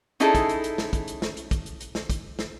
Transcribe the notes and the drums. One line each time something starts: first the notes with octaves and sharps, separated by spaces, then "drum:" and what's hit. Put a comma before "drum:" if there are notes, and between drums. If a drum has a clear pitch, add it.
C#4 D#4 E4 G#4 A4, drum: hi-hat
drum: kick, hi-hat
drum: hi-hat
drum: hi-hat
drum: snare
drum: kick, hi-hat
drum: hi-hat
drum: snare
drum: hi-hat
drum: kick, hi-hat
drum: hi-hat
drum: hi-hat
drum: snare
drum: kick, hi-hat
drum: snare